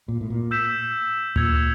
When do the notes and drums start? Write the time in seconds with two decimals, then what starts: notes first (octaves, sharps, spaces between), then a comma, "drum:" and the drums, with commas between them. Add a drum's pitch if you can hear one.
0.08 A#2
0.21 A2
0.30 A#2
0.51 E6 G6 B6 E7
1.36 A#2 E6 G#6 C#7 F7, drum: tom D2